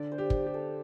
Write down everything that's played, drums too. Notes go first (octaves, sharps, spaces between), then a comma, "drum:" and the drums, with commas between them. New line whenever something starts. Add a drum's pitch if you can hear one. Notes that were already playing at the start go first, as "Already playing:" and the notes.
Already playing: D3 D5
C5
G4
drum: kick
G4
A4